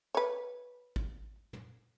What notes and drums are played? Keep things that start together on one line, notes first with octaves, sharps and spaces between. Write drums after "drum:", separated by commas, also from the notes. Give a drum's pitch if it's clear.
B4 C#5
drum: kick
drum: tom